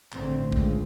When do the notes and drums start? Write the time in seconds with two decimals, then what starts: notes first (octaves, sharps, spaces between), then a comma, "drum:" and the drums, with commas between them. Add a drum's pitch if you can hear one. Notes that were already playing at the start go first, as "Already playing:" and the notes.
0.12 A1 A2 D3 A3 C4, drum: clap
0.52 C#2, drum: kick A#1